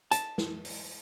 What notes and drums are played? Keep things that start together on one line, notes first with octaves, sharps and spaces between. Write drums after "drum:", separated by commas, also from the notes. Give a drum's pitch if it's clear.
A5, drum: hi-hat
drum: snare
drum: open hi-hat